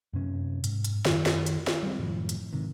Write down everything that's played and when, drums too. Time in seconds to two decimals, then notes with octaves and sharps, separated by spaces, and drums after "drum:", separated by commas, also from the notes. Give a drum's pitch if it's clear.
0.13 F#2 C3 C#4
0.64 G#2, drum: hi-hat
0.84 drum: hi-hat
1.05 F#2 D#3, drum: snare
1.26 drum: snare
1.46 drum: hi-hat
1.67 drum: snare
1.83 G3 C4
1.99 F#2 A2 D#3 F3
2.29 drum: hi-hat
2.53 G#2 C3 D#3